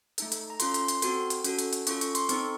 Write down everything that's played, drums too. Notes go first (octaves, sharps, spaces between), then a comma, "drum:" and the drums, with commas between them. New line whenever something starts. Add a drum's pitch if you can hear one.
A3 D#4 A4, drum: hi-hat
drum: hi-hat
A#5
C#4 F4 A4 C6, drum: hi-hat
C6, drum: hi-hat
C6, drum: hi-hat
C4 F#4 A4 C6, drum: hi-hat
drum: hi-hat
C#4 F#4 A4, drum: hi-hat
drum: hi-hat
drum: hi-hat
C#4 F4 A4 C#6, drum: hi-hat
C#6, drum: hi-hat
C6, drum: hi-hat
C4 D#4 A4 C#6, drum: hi-hat